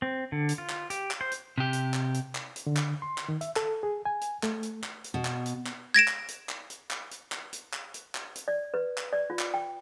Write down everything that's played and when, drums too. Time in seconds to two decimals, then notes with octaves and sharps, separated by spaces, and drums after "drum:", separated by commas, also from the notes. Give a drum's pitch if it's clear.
0.02 C4
0.32 D3
0.49 drum: hi-hat
0.58 F4
0.69 drum: clap
0.90 G4, drum: hi-hat
1.11 drum: clap
1.21 C5
1.32 drum: hi-hat
1.58 C3 G4
1.73 drum: hi-hat
1.94 drum: clap
2.14 drum: hi-hat
2.35 drum: clap
2.56 drum: hi-hat
2.67 D3
2.76 drum: clap
3.02 C6
3.18 drum: clap
3.29 D#3
3.41 E5, drum: hi-hat
3.56 A4, drum: clap
3.83 G#4
4.05 G#5
4.21 drum: hi-hat
4.43 A3, drum: clap
4.63 drum: hi-hat
4.84 drum: clap
5.04 drum: hi-hat
5.14 B2
5.25 drum: clap
5.46 drum: hi-hat
5.66 drum: clap
5.94 G#6 A#6 D7 E7
6.08 drum: clap
6.28 drum: hi-hat
6.49 drum: clap
6.70 drum: hi-hat
6.91 drum: clap
7.11 drum: hi-hat
7.32 drum: clap
7.53 drum: hi-hat
7.73 drum: clap
7.94 drum: hi-hat
8.15 drum: clap
8.35 drum: hi-hat
8.48 D5
8.74 B4
8.98 drum: clap
9.13 D5
9.30 F4
9.39 drum: clap
9.54 G5